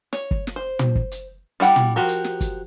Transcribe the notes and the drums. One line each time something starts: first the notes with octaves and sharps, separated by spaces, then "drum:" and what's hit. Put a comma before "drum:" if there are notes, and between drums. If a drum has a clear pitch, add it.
C#5, drum: snare
drum: kick
drum: snare
C5
drum: tom
drum: kick
drum: hi-hat
G3 E4 F#5 G5
drum: tom
F3 F#4 G4 A#4
drum: hi-hat
drum: snare
drum: kick, hi-hat